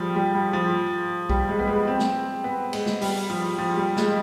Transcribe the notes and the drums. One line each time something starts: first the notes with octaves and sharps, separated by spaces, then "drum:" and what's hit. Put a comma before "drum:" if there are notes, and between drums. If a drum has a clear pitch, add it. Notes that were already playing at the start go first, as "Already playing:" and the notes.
Already playing: F3 G3
G3
G3
F3
G3, drum: kick
G#3
B3
G#3
C4
drum: snare
B3
G#3, drum: cymbal
drum: snare
G3, drum: open hi-hat
F3
F3
G3
G#3, drum: snare